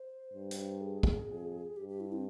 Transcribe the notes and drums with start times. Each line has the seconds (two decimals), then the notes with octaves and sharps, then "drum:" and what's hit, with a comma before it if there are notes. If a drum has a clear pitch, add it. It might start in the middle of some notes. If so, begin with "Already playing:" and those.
Already playing: C5
0.34 G2
0.51 drum: hi-hat
0.81 G#4
1.03 drum: kick
1.29 F2
1.76 G2 G4
1.89 G4
2.00 E4
2.12 C4